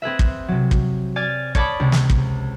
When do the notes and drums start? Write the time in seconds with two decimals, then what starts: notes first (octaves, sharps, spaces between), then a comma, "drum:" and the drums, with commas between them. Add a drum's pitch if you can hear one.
0.02 C4 G#4 B4 E5
0.19 drum: kick
0.48 C3 F#3
0.71 drum: kick
1.16 D5 G#5 F6 A6
1.55 C#5 D5 A5 B5 D6 D#6, drum: kick
1.80 C#2 C3
1.92 drum: snare
2.10 drum: kick